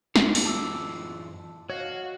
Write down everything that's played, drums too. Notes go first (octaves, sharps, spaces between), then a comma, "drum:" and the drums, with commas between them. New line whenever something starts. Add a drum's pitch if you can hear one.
F#2 E3 F4, drum: snare
drum: open hi-hat
A5 D6 E6
F#4 C#5 D#5 F5